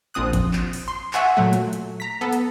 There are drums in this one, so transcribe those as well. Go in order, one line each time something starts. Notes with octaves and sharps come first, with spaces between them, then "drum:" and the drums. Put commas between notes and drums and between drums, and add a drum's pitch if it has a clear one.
A#1 F3 C4 D#6 F#6
drum: kick G1, hi-hat
drum: clap
drum: open hi-hat
C6
E5 F#5 G#5 C#6, drum: clap
A#2 F#3 A3
drum: hi-hat
drum: hi-hat
A#5 B6
B3 A4
drum: hi-hat